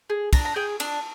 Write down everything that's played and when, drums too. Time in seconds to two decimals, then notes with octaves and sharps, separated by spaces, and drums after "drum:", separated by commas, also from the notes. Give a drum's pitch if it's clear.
0.10 G#4
0.33 D4 A#5, drum: kick, cymbal
0.45 A#5
0.56 G#4 G5
0.80 D4, drum: cymbal